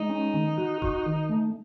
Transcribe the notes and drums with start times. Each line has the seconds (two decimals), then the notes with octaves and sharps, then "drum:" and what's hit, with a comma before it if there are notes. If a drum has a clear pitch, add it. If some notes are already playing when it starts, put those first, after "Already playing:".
Already playing: G#3 D#4
0.09 C#4
0.34 D#3
0.58 F#4
0.82 F#4, drum: kick E1
1.06 D#3
1.29 A3